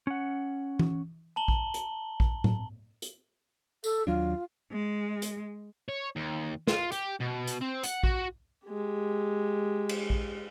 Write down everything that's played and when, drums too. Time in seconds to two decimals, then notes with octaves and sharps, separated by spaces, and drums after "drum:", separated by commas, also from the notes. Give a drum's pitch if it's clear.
0.07 C#4 F#5
0.79 drum: tom E3
1.36 A5 A#5 F#7 G7
1.48 drum: kick A#1
1.74 drum: hi-hat
2.20 drum: kick A#1
2.44 drum: tom A2
3.02 drum: hi-hat
3.84 A4, drum: tambourine
4.07 D#2 F#3 D4 F4
4.71 G#3
5.22 drum: hi-hat
5.89 C#5
6.16 D#2
6.67 F4, drum: snare
6.92 G4, drum: hi-hat
7.21 B2
7.47 drum: hi-hat
7.61 C4
7.83 F#5, drum: hi-hat
8.03 F#4, drum: kick A#1
8.67 G#3 G4
9.89 drum: cymbal
10.10 drum: kick A#1